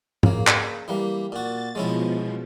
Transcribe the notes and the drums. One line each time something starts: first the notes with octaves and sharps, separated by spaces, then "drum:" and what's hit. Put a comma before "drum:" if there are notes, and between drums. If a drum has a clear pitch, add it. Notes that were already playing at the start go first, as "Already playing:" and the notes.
C#3 A#3, drum: tom
drum: clap
E3 G3 A#3
A#2 F#4 A6
B2 F3 G#3 C#4 E4